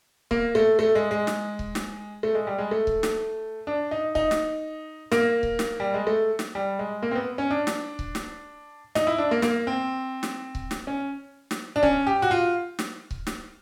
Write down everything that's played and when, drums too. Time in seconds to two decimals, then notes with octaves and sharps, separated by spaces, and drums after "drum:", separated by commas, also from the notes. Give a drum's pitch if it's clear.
0.31 A#3, drum: kick C#1
0.55 A3
0.79 A3
0.95 G#3
1.11 G#3
1.27 drum: snare
1.59 drum: kick C#1
1.75 drum: snare
2.23 A3
2.35 G#3
2.47 G3
2.58 G#3
2.71 A3
2.87 drum: kick C#1
3.03 drum: snare
3.67 D4
3.91 D#4
4.15 D#4, drum: kick C#1
4.31 drum: snare
5.12 A#3, drum: snare
5.43 drum: kick C#1
5.59 drum: snare
5.80 G3
5.94 G#3
6.07 A3
6.39 drum: snare
6.55 G3
6.79 G#3
7.02 A#3
7.11 C4
7.15 B3
7.38 C#4
7.51 D4
7.67 drum: snare
7.99 drum: kick C#1
8.15 drum: snare
8.95 D#4, drum: snare
9.07 E4
9.18 D4
9.31 A#3
9.42 A#3, drum: snare
9.67 C4
10.23 drum: snare
10.55 drum: kick C#1
10.71 drum: snare
10.87 C#4
11.51 drum: snare
11.76 D4
11.83 C#4, drum: kick C#1
12.07 G4
12.22 F#4
12.31 F4
12.79 drum: snare
13.11 drum: kick C#1
13.27 drum: snare